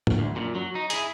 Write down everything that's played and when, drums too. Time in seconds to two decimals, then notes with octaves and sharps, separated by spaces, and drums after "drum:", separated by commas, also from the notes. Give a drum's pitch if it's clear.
0.07 drum: tom
0.19 D2
0.36 F#2 A#2
0.55 F#3
0.75 D#4
0.90 E4 G#4, drum: hi-hat